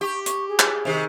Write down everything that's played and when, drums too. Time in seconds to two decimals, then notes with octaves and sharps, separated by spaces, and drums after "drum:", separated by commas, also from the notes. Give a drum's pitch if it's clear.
0.01 G4 C#6
0.26 C#6, drum: hi-hat
0.49 G#4
0.59 drum: clap
0.85 C3 D#3